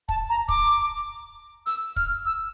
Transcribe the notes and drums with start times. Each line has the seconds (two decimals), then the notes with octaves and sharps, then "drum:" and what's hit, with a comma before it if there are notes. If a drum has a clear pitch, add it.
0.09 A5, drum: kick
0.29 A#5
0.49 D6, drum: kick
1.66 E6, drum: hi-hat
1.96 F6, drum: kick
2.26 E6